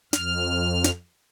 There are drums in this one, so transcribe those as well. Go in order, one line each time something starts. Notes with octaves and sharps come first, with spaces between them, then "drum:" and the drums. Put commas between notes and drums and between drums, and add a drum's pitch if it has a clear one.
F2 F6, drum: snare
drum: snare